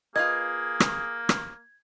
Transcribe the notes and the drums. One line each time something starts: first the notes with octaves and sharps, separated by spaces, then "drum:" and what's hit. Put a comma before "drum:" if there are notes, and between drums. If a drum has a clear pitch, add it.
A#3 F4 G#4 B4 D#5 G#6
drum: rim click
drum: rim click